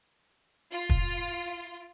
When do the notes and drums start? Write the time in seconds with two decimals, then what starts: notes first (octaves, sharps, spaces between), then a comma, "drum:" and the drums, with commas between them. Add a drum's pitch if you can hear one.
0.73 F4
0.89 drum: kick